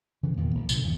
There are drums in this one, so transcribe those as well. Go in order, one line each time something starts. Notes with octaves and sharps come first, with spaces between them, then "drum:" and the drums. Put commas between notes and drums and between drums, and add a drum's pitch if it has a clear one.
C#3 E3
E2 A#2 D#3 A#3
G1
B1 A#2 D3, drum: tambourine
G#1 E2 C#3